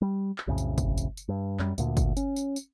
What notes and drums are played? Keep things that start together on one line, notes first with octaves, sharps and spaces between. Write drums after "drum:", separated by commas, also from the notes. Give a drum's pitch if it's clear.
G3
drum: clap
B1 F2 A2 C#3
drum: tambourine
drum: kick, tambourine
drum: tambourine
drum: tambourine
G2
F#2 G3, drum: clap
D2 A#2, drum: tambourine
drum: kick, tambourine
C#4, drum: tambourine
drum: tambourine
drum: tambourine